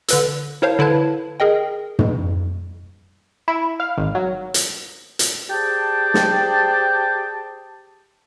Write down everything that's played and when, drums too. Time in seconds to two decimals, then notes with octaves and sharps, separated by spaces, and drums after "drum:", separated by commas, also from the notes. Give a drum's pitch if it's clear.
0.08 D3 B4 E6, drum: hi-hat
0.62 E4 A#4 C5 C#5 F5 A5
0.79 D3 E4 B4 A5 G#6
1.40 G#4 A#4 D#5 G5
1.99 drum: tom
3.48 E4
3.80 F5
3.98 G#1
4.15 F#3
4.54 drum: hi-hat
5.19 drum: hi-hat
5.50 G4 G#4 C5 D5 G5 A5
6.14 drum: snare